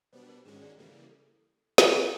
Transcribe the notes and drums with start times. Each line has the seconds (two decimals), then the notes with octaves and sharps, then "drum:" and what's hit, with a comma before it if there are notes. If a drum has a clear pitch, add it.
0.13 B2 G3 B3 D4 C5
0.29 A#4
0.45 G#2 D#3 G#3 C#4 F#4 G#4
0.62 D5
0.78 C#3 E3 G3 A#3 A4
1.11 A4
1.78 drum: snare